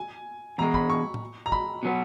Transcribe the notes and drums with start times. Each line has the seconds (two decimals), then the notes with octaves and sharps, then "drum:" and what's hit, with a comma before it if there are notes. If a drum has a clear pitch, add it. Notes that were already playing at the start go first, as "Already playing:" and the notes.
Already playing: G#5
0.58 E2 B2 G#3 A#5
0.74 B5, drum: kick
0.90 C#6
1.14 drum: tom A2
1.46 A#5
1.52 B5, drum: kick
1.83 B2 F#3 B3